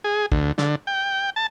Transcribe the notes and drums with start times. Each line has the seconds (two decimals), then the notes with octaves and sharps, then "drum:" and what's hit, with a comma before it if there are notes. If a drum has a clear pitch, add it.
0.04 G#4
0.32 D2, drum: kick
0.58 D3, drum: snare
0.87 G5
1.36 A5